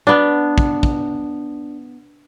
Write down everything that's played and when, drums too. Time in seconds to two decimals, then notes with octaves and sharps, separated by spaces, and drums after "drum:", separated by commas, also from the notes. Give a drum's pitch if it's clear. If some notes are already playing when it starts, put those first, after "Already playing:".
0.07 B3 D4
0.58 drum: kick
0.83 drum: kick